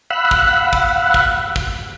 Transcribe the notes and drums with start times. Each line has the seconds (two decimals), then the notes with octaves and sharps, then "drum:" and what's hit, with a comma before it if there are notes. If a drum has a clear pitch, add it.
0.10 F5 F#5 B5 E6 F#6
0.31 drum: kick
0.73 drum: kick
1.14 drum: kick
1.56 drum: kick